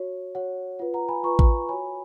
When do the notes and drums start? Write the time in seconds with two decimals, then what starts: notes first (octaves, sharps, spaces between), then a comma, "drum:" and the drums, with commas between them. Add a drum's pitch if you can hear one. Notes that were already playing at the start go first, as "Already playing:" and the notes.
Already playing: F#4 C#5
0.35 F#4 C#5 F#5
0.79 F4 B4 F#5
0.94 F#5 A#5
1.09 G#5 B5
1.23 F4 B4 A#5 C#6
1.39 drum: kick A1
1.69 F#4 C#5 G#5 B5